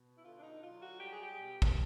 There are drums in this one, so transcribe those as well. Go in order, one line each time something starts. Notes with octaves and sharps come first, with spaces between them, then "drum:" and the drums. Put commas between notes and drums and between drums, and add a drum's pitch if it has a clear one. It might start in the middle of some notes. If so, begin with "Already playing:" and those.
Already playing: B2
E4
D3 F4
D4
D#4
F#3 F4
F#4
G3 G4
G#4
G4
B2
drum: kick